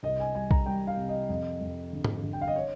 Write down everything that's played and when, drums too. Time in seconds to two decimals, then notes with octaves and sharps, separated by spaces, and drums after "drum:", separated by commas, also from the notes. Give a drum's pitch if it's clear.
0.03 C2 D#5
0.20 G#5
0.34 G3 G#5
0.51 A#5, drum: kick B1
0.66 G3 G5
0.87 F5
0.97 C3
1.08 D#5
1.29 F2 D#5
1.61 F2
1.93 G1
2.04 drum: tom G#2
2.24 G1
2.33 G5
2.41 F5
2.48 D#5
2.56 C#5